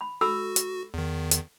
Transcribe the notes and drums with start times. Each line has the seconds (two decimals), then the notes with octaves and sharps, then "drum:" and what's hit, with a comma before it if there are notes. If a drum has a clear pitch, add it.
0.01 B5
0.21 F#4 A4 B5 E6
0.56 drum: hi-hat
0.94 E2 D#3
1.31 drum: hi-hat